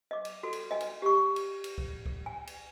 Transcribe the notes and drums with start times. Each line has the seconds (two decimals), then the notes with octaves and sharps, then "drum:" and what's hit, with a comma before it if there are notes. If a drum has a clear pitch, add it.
0.11 D#5 D6
0.25 drum: cymbal
0.43 F#4 A4
0.53 drum: cymbal
0.71 D#5 G#5
0.80 drum: cymbal
1.02 G4 C#6
1.36 drum: cymbal
1.64 drum: cymbal
1.78 drum: kick C#2
2.06 drum: kick C#2
2.26 G#5
2.47 drum: cymbal